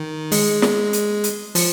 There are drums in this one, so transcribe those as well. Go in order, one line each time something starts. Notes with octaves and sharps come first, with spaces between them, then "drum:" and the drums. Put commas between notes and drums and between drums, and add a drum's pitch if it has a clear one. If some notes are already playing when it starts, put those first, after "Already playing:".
Already playing: D#3
G#3, drum: open hi-hat
drum: snare
drum: hi-hat
drum: hi-hat
F3, drum: open hi-hat